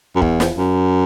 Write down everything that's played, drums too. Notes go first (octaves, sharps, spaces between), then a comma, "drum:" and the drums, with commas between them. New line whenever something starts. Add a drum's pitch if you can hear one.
F#2
E2, drum: kick
drum: snare
F#2